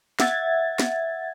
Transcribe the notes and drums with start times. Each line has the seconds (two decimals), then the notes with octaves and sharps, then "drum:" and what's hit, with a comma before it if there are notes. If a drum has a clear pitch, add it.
0.20 E5 F#5 G#6 A6, drum: snare
0.79 drum: snare